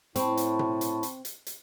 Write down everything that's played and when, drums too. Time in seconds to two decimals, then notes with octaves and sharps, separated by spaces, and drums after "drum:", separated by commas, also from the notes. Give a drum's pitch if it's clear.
0.16 A2 C4 A5 B5 C#6, drum: hi-hat
0.37 drum: hi-hat
0.59 drum: tom B2
0.81 drum: hi-hat
1.03 drum: hi-hat
1.25 drum: hi-hat
1.46 drum: hi-hat